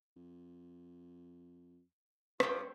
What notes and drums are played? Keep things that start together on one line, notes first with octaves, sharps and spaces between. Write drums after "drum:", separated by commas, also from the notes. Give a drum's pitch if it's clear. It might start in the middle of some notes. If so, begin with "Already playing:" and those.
F2
G2 F4 C5 C#5 G5 D6 D#6, drum: rim click